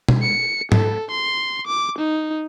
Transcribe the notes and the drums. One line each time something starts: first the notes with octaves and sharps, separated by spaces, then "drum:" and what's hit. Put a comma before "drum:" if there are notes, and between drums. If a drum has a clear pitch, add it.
drum: tom B2
C#7
A4, drum: tom G#2
C6
D6
D#4